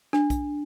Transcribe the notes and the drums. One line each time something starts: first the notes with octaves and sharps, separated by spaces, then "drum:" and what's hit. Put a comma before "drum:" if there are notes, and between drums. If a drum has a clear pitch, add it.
D4, drum: rim click
drum: kick B1, hi-hat